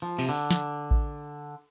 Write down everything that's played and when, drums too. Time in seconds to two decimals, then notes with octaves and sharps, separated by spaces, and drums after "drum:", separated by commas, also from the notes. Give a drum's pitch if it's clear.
0.02 F3
0.19 C3, drum: open hi-hat
0.29 D3
0.51 drum: snare
0.91 drum: kick A1